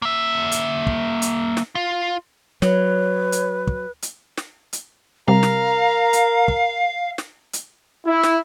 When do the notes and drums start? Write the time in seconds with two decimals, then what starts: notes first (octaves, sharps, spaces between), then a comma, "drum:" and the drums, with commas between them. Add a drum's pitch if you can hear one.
0.02 A#3 E5
0.52 drum: hi-hat
0.87 drum: kick
1.22 drum: hi-hat
1.57 drum: snare
1.75 F4
2.62 F#3 B4 C#5, drum: snare
3.32 drum: hi-hat
3.67 drum: kick
4.02 drum: hi-hat
4.38 drum: snare
4.73 drum: hi-hat
5.28 C3 G3 A#4 F5 A#5
5.43 drum: snare
6.13 drum: hi-hat
6.48 drum: kick
7.18 drum: snare
7.53 drum: hi-hat
8.06 E4
8.23 drum: snare